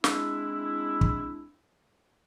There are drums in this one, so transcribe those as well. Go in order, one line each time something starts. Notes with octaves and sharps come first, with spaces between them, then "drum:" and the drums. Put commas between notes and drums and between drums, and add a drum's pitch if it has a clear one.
G#3 C4 D4 E4, drum: snare
drum: kick